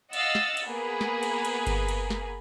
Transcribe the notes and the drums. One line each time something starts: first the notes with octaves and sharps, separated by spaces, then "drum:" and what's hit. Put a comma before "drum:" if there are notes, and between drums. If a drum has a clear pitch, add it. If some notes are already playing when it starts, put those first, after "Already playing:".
D#5 F5 F#5 E6 A6, drum: cymbal
drum: snare
drum: cymbal
A#3 B3 G#4 B4
drum: snare
drum: cymbal
drum: cymbal
drum: kick G1, cymbal
drum: cymbal
drum: snare